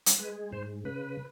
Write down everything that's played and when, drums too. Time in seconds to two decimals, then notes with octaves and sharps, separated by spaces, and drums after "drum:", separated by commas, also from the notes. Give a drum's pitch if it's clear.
0.06 drum: hi-hat
0.19 G#3 B4
0.52 G#2 C5
0.85 C#3 B4